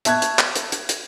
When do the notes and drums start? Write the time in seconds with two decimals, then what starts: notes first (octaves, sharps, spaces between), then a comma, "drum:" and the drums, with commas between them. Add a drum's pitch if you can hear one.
0.05 E5 A5 C#6 F#6 G#6, drum: hi-hat
0.22 drum: hi-hat
0.39 drum: clap
0.56 drum: hi-hat
0.72 drum: hi-hat
0.89 drum: hi-hat